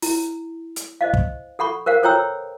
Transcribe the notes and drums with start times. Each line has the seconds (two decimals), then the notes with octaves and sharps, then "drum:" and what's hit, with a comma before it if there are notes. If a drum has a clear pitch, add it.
0.02 E4, drum: open hi-hat
0.76 drum: hi-hat
1.01 C5 D#5 F5
1.13 drum: kick
1.59 A4 F#5 B5 C#6
1.86 A#4 C5 F5 F#5
2.03 A4 C5 C#5 G5 A#5 E6